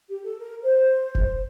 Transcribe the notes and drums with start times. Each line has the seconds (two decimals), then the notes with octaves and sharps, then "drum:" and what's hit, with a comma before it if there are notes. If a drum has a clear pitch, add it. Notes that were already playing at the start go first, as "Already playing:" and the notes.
0.09 G4
0.24 A4
0.39 A#4
0.62 C5
1.15 drum: kick F1